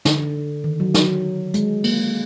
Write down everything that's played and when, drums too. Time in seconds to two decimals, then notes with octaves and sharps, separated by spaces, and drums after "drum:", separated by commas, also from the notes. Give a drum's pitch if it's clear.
0.05 D3, drum: snare
0.64 D#3
0.80 F#3
0.94 F#3, drum: snare
1.54 G#3, drum: hi-hat
1.84 A#3, drum: cymbal